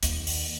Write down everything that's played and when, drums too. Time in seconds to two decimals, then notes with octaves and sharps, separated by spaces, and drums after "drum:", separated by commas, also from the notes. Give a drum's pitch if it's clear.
0.03 D#2, drum: hi-hat
0.27 drum: open hi-hat